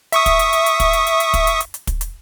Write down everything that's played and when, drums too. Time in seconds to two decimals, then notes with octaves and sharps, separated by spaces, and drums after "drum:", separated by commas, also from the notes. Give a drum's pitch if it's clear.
0.12 E5 C#6 D#6, drum: hi-hat
0.26 drum: kick, hi-hat
0.39 drum: hi-hat
0.53 drum: hi-hat
0.66 drum: hi-hat
0.80 drum: kick, hi-hat
0.93 drum: hi-hat
1.07 drum: hi-hat
1.20 drum: hi-hat
1.34 drum: kick, hi-hat
1.47 drum: hi-hat
1.60 drum: hi-hat
1.74 drum: hi-hat
1.87 drum: kick, hi-hat
2.01 drum: hi-hat